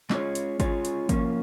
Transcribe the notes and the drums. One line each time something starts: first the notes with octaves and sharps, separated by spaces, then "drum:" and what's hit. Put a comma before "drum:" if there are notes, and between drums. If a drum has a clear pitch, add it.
G#3 C#4 F4 G#4 C#5, drum: clap
drum: hi-hat
G#3 C#4 F4 G#4 C#5, drum: kick G#1, hi-hat
drum: hi-hat
F3 A#3 C#4, drum: kick G#1, hi-hat